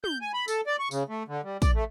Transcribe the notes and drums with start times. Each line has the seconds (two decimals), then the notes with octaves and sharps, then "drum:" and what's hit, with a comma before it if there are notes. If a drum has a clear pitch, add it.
0.04 G6, drum: tom
0.22 G#5
0.34 B5
0.48 A4, drum: tambourine
0.67 D5
0.79 C#6
0.91 C#3, drum: tambourine
1.09 A3
1.28 D3
1.44 G3
1.62 D5, drum: kick, tambourine
1.75 A3